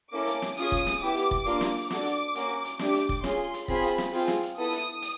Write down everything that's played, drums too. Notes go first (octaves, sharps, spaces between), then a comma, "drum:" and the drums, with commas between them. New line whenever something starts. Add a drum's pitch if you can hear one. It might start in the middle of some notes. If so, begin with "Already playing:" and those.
A#3 C#4 E4 A4 D6
drum: hi-hat
drum: snare
C#4 F4 G#4 D#6, drum: hi-hat
drum: kick
drum: snare
B3 E4 G4 D6
drum: hi-hat
drum: kick
A#3 D4 F4, drum: hi-hat
drum: snare
drum: open hi-hat
D4 F#4 A4 D6, drum: snare
drum: hi-hat
A#3 C#4 F#4, drum: hi-hat
drum: hi-hat
A3 D4 G4 D6, drum: snare
drum: hi-hat
drum: kick
C#4 F4 G#4 C6, drum: snare
drum: hi-hat
C4 F4 G#4 B5, drum: kick
drum: hi-hat
drum: snare
C4 F4 G#4, drum: open hi-hat
drum: snare
drum: hi-hat
B3 E4 A4 D#6
drum: hi-hat
drum: hi-hat